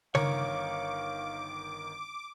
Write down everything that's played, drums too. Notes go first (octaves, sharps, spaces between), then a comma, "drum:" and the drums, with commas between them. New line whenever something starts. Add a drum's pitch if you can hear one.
G1 D#3 A#4 C#5 F5 D6, drum: tom C#3